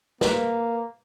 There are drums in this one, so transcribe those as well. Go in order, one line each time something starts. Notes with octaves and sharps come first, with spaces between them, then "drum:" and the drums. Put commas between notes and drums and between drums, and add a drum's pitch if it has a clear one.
A#3 B4, drum: snare